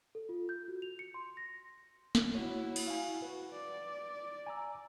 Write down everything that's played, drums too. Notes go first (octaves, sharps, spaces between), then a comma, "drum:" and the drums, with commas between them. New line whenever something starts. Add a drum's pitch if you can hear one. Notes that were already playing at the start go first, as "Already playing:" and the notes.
A4
F4
G6
F#4
F7
C#7
C6
A#6
drum: snare
E4 F#4 C#5
drum: cymbal
F5 G#5
F#4 B4
D5
G#5 A#5 E6